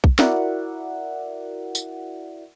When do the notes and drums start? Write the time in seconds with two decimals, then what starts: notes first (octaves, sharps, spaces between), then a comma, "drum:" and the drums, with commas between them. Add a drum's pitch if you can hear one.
0.04 drum: kick
0.19 E4 F#4 A#4 D5 E5 F#5, drum: snare
1.75 drum: tambourine